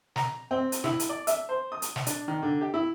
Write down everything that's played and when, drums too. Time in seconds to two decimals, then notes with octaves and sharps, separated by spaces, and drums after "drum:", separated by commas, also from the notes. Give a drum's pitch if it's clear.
0.16 A#5, drum: snare
0.51 C4
0.72 drum: hi-hat
0.84 E4, drum: snare
1.00 drum: hi-hat
1.09 D5
1.27 E5, drum: hi-hat
1.49 C5
1.72 D#6
1.82 drum: hi-hat
1.96 drum: snare
2.07 D4, drum: hi-hat
2.28 D#3
2.43 D3
2.61 G4
2.74 E4